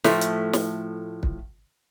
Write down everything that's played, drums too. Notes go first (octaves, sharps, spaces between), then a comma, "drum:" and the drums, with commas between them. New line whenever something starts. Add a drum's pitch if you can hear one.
A2 F3 A3, drum: snare
drum: hi-hat
drum: snare
drum: kick